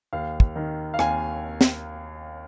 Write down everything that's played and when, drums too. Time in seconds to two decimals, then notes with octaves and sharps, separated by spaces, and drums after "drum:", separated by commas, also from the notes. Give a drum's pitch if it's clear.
0.13 D#2 F5
0.40 drum: kick
0.56 D#3
0.94 F5
0.99 D#2 G#5, drum: rim click
1.61 drum: snare